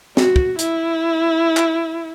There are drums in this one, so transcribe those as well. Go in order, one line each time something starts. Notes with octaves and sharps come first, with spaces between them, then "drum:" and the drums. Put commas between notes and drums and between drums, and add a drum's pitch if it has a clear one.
F#4, drum: snare
drum: kick
E4, drum: hi-hat
drum: clap